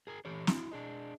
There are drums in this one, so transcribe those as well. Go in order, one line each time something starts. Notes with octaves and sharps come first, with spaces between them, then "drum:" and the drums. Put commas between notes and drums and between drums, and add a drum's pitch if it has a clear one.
G#4 A#4 G#5
E3 G4 A4 C#5
E4 F#4, drum: snare
D4 G#4 D#5